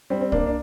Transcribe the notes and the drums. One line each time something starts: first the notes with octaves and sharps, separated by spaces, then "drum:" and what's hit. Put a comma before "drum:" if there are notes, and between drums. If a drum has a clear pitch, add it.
G3 C4
C4
A#3 D4, drum: kick C2
D4